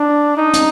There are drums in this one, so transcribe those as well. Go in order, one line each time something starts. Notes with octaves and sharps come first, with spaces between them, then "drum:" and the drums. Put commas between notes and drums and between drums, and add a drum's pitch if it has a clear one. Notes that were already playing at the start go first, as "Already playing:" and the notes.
Already playing: D4
D#4
drum: hi-hat